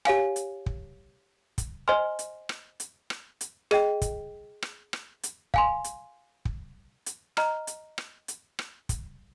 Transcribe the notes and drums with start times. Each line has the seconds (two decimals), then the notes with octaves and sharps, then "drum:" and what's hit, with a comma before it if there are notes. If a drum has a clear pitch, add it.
0.05 G4 C#5 F5 G#5, drum: rim click
0.36 drum: hi-hat
0.66 drum: kick
1.58 drum: kick, hi-hat
1.88 C5 D#5 G#5 C6 F6
2.19 drum: hi-hat
2.49 drum: rim click
2.80 drum: hi-hat
3.10 drum: rim click
3.41 drum: hi-hat
3.71 G#4 D#5 G5, drum: rim click
4.02 drum: kick, hi-hat
4.62 drum: rim click
4.93 drum: rim click
5.23 drum: hi-hat
5.54 F5 G#5 C6, drum: kick
5.84 drum: hi-hat
6.45 drum: kick
7.06 drum: hi-hat
7.37 D#5 A#5 F6, drum: rim click
7.67 drum: hi-hat
7.98 drum: rim click
8.28 drum: hi-hat
8.59 drum: rim click
8.89 drum: kick, hi-hat